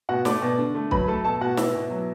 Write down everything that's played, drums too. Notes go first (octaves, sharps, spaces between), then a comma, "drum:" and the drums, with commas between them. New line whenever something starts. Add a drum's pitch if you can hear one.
B2 F#4 F#5
A3 D5 D6, drum: snare
B2
D3
A3
F#3 B4 B5, drum: kick C2
A3 A4 A5
B2 A4 A5
B2 F#4 F#5
B3 E4 E5, drum: snare
B2
F#3